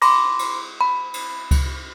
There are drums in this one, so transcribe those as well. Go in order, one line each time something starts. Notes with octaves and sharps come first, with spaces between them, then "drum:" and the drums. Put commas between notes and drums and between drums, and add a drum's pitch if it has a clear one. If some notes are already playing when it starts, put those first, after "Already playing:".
B5 C6 D6 A#6, drum: cymbal
drum: cymbal
B5
drum: cymbal
drum: kick C#2, cymbal